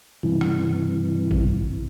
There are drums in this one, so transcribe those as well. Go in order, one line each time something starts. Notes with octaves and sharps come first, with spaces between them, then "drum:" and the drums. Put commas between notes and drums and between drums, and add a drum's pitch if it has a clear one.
G2 C3 E3
drum: rim click
drum: kick A1